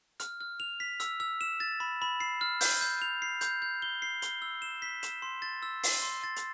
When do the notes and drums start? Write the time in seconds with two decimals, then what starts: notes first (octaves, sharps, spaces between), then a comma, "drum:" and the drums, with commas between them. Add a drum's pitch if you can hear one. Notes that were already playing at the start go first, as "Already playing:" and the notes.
0.20 F6, drum: hi-hat
0.41 F6
0.60 F7
0.80 B6
1.00 E6, drum: hi-hat
1.20 E6
1.41 E7
1.60 A6
1.80 B5
2.02 B5
2.20 C7
2.41 F6
2.61 G6, drum: open hi-hat
2.81 G6
3.02 F7
3.22 C7
3.41 G6, drum: hi-hat
3.62 G6
3.82 G7
4.02 C7
4.22 G7, drum: hi-hat
4.42 E6
4.62 E7
4.82 B6
5.03 E7, drum: hi-hat
5.22 C6
5.42 A6
5.62 E6
5.83 C7, drum: open hi-hat
6.02 C6
6.24 A6
6.36 drum: hi-hat